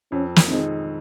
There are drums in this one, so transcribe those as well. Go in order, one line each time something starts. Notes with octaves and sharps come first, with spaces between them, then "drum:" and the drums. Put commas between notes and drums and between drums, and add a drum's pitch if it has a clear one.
F2 C#4
drum: snare
D#3 G#3 C4 D#4